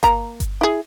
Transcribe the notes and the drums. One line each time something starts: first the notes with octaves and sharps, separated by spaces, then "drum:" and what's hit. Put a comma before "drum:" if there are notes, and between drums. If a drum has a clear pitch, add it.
A#3 A#5, drum: kick G1, hi-hat
drum: kick G1, hi-hat
E4 G#4